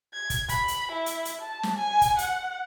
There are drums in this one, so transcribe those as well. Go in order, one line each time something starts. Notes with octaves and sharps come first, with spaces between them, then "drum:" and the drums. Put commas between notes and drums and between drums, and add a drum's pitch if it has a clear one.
G#6
drum: kick, hi-hat
B5, drum: kick, hi-hat
drum: hi-hat
E4
drum: hi-hat
drum: hi-hat
A5
drum: snare
G#5
drum: kick, hi-hat
F#5, drum: hi-hat